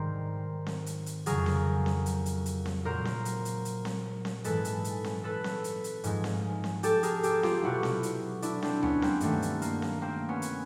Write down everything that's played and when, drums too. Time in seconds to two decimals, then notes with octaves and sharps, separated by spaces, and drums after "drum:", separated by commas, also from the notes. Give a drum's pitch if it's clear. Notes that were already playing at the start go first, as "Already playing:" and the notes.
Already playing: G#2 D#3 G3 A#4 C5
0.66 drum: snare C4
0.86 drum: hi-hat
1.06 drum: hi-hat
1.26 F2 C#3 F#3 G#4 A#4, drum: hi-hat
1.46 drum: snare C4
1.86 drum: snare C4
2.06 drum: hi-hat
2.26 drum: hi-hat
2.46 drum: hi-hat
2.66 drum: snare C4
2.85 A#2 F#3 A#4 C5
3.05 drum: snare C4
3.25 drum: hi-hat
3.45 drum: hi-hat
3.65 drum: hi-hat
3.85 drum: snare C4
4.25 drum: snare C4
4.44 G#2 E3 G#3 A4 B4, drum: hi-hat
4.65 drum: hi-hat
4.85 drum: hi-hat
5.04 drum: snare C4
5.24 A4 B4
5.44 drum: snare C4
5.64 drum: hi-hat
5.84 drum: hi-hat
6.04 G#2 F3 G#3, drum: hi-hat
6.24 drum: snare C4
6.64 drum: snare C4
6.83 G4 A4, drum: hi-hat
7.03 G#4 A#4, drum: hi-hat
7.23 G4 A4, drum: hi-hat
7.43 F4 G4, drum: snare C4
7.62 B2 F#3 E4 F#4
7.83 drum: snare C4
8.03 drum: hi-hat
8.42 D4 E4, drum: hi-hat
8.62 C4 D4, drum: snare C4
8.83 B3 C#4, drum: tom D2
9.02 A#3 C4, drum: snare C4
9.20 G2 D#3 G3 A3 B3, drum: hi-hat
9.42 drum: hi-hat
9.62 A#3, drum: hi-hat
9.82 drum: snare C4
10.02 A#3 C4
10.28 B3 C#4
10.42 drum: hi-hat